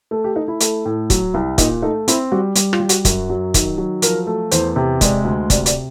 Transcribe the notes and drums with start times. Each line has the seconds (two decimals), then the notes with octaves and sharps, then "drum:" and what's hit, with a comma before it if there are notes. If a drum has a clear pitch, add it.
0.11 A3
0.24 G4
0.36 A3 D#4
0.48 E4
0.60 A3, drum: hi-hat
0.85 A2
1.10 F#3, drum: kick, hi-hat
1.34 C2
1.58 A#2 D#4, drum: kick, hi-hat
1.82 A3 D#4
2.08 C4 E4, drum: hi-hat
2.32 G3 F#4
2.55 G3, drum: hi-hat
2.73 F4, drum: rim click
2.80 G3
2.89 F#4, drum: hi-hat
3.05 F#2 F#4, drum: kick, hi-hat
3.30 F#3
3.54 D#3, drum: kick, hi-hat
3.78 F#3
4.02 F3 A#4, drum: hi-hat
4.27 A3
4.51 E2 C5, drum: hi-hat
4.76 C3
5.01 G#3 D5, drum: kick, hi-hat
5.25 D2
5.50 C3 D5, drum: kick, hi-hat
5.66 D5, drum: hi-hat